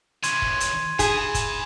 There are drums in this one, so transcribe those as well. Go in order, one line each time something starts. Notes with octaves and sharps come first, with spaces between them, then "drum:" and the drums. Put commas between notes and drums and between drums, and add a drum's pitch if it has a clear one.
C#3 E3 C6 G#6 D#7, drum: hi-hat
drum: kick
drum: hi-hat
G#4 G#5 B5, drum: kick, hi-hat
drum: kick, hi-hat